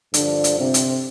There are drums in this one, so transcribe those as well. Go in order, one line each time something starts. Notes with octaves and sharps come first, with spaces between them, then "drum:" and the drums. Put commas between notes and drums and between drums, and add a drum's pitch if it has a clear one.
G2 D3 F3 D4, drum: hi-hat
drum: hi-hat
C3 C4
drum: hi-hat